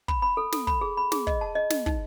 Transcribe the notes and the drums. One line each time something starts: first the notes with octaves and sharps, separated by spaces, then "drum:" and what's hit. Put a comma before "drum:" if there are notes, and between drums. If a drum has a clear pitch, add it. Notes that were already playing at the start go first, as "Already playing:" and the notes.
B5, drum: kick
B5
A4
A4, drum: snare
B5, drum: kick
G#4
B5
G#4, drum: snare
D#5, drum: kick
A5
D#5
D#5, drum: snare
D#4, drum: kick